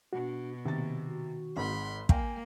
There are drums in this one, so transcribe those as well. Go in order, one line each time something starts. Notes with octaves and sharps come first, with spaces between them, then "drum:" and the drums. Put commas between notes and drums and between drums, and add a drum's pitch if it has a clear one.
B2 D4 F#4
C3 D#3 A#3 A6
F#4
G#1 G#2 B5 C6
A#3 F5 G5 G#5, drum: kick